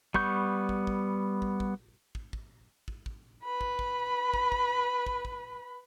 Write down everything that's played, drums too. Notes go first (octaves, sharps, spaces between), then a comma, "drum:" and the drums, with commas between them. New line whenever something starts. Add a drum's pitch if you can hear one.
G3 B3 C#6 G6, drum: kick
drum: kick
drum: kick
drum: kick
drum: kick
drum: kick
drum: kick
drum: kick
drum: kick
B4 B5
drum: kick
drum: kick
drum: kick
drum: kick
drum: kick
drum: kick